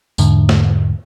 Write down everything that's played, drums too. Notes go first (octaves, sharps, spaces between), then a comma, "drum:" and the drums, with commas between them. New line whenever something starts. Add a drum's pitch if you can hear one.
E2 G#2 D3, drum: tambourine
drum: snare